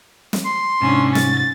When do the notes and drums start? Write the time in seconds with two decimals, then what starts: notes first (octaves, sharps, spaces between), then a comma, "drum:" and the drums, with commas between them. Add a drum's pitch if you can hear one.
0.33 drum: snare
0.45 C6
0.82 G#2 C3 C#4 D4
1.15 A6, drum: snare